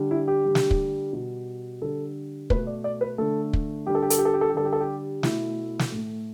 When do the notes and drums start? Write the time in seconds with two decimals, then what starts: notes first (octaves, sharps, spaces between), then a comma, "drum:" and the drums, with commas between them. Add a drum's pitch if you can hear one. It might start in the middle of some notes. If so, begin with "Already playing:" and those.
Already playing: D3 G3
0.11 E4
0.28 G4
0.45 D3 G3
0.55 drum: snare
0.71 drum: kick
1.13 B2 G3
1.82 D3 G3 A4
2.50 B2 A3 B4, drum: kick
2.67 D5
2.84 D5
3.01 B4
3.18 D3 A3 A4
3.53 drum: kick
3.87 D3 G3 G4
3.95 A4
4.02 G4
4.10 A4, drum: hi-hat
4.18 G4
4.25 A4
4.34 G4
4.41 A4
4.50 G4
4.55 D3 G3 A4
4.65 G4
4.73 A4
4.80 G4
5.23 B2 A3 E4, drum: snare
5.79 drum: snare
5.92 A2 A3